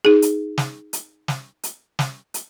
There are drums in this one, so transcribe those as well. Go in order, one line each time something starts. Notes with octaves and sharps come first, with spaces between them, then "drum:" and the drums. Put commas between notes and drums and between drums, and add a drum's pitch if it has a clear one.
D#4 G#4
drum: hi-hat
drum: snare
drum: hi-hat
drum: snare
drum: hi-hat
drum: snare
drum: hi-hat